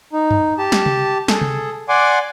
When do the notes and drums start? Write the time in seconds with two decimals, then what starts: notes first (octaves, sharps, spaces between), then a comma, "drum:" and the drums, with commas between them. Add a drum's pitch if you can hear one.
0.13 D#4
0.31 drum: tom F#2
0.58 G4 A5
0.72 drum: snare
0.86 drum: tom C3
1.28 G#4 A4, drum: snare
1.41 drum: tom C3
1.89 D5 F#5 G#5 C6 D6